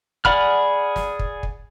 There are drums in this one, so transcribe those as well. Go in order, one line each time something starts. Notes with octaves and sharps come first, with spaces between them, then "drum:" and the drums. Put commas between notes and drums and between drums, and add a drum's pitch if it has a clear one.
G#4 D5 F#5 B5 F6, drum: kick
drum: snare
drum: kick
drum: kick